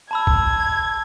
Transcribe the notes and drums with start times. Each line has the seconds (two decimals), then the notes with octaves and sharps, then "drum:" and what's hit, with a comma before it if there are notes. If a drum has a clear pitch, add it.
0.11 A5 B5 E6 G#6
0.27 drum: kick B1